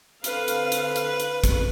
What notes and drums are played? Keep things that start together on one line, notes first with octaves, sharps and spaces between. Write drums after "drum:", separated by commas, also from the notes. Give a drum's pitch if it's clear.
D3 C4 B4 F5, drum: hi-hat
drum: hi-hat
drum: hi-hat
drum: hi-hat
drum: hi-hat
drum: kick A1, hi-hat